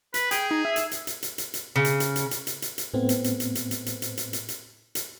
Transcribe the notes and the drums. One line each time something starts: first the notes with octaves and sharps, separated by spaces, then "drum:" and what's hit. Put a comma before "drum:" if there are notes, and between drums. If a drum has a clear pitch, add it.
B4, drum: hi-hat
G#4 G5, drum: hi-hat
D#4
E5
drum: hi-hat
drum: hi-hat
drum: hi-hat
drum: hi-hat
drum: hi-hat
drum: hi-hat
C#3
drum: hi-hat
drum: hi-hat
drum: hi-hat
drum: hi-hat
drum: hi-hat
drum: hi-hat
drum: hi-hat
A2 A3 B3 C4
drum: hi-hat
drum: hi-hat
drum: hi-hat
drum: hi-hat
drum: hi-hat
drum: hi-hat
drum: hi-hat
drum: hi-hat
drum: hi-hat
drum: hi-hat
drum: hi-hat